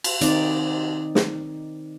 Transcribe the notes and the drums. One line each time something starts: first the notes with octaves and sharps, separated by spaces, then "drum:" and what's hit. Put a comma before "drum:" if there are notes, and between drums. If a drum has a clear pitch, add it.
drum: cymbal
D#3 C4 D#4 D5, drum: hi-hat
drum: snare